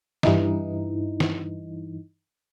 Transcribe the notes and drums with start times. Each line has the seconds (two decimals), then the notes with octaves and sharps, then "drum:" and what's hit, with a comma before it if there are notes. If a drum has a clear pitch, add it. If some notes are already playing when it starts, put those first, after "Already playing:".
0.23 G2 E3 D#4, drum: snare
1.20 drum: snare